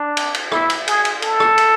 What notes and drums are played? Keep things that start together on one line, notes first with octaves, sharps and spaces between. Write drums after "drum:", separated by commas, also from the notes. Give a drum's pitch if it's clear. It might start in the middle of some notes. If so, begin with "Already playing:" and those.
Already playing: D4
drum: cymbal
drum: cymbal
E4, drum: rim click
drum: cymbal
G#4, drum: cymbal
drum: cymbal
A4, drum: cymbal
drum: rim click
drum: cymbal